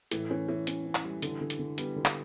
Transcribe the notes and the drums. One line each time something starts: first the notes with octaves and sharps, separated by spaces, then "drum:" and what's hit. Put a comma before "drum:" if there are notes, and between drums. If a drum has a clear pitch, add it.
A2 E3, drum: hi-hat
E3 C#4
E3 C#4
C#4, drum: hi-hat
C#4
drum: clap
G3
D3, drum: hi-hat
D3
drum: hi-hat
D3
G3 B3, drum: hi-hat
D3
drum: clap